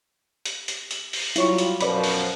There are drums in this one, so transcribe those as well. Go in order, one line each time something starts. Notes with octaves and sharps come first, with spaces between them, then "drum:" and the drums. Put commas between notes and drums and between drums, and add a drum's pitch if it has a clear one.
drum: hi-hat
drum: hi-hat
drum: hi-hat
drum: open hi-hat
F#3 G3 E4 F4 C#5 C#6, drum: hi-hat
drum: hi-hat
F#2 B2 F3 B4 D5 B5, drum: hi-hat
drum: open hi-hat